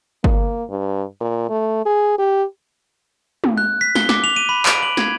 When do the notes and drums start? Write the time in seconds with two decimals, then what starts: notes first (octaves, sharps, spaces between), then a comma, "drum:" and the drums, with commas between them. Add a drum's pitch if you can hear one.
0.24 A#3, drum: kick G1
0.70 G2
1.21 A#2
1.49 A3
1.86 G#4
2.19 G4
3.44 drum: tom
3.58 F#6
3.81 B6
3.95 G7, drum: snare
4.09 D6, drum: snare
4.24 F7
4.36 D#7
4.49 B5
4.66 D7, drum: clap
4.82 F#7
4.97 G#6, drum: snare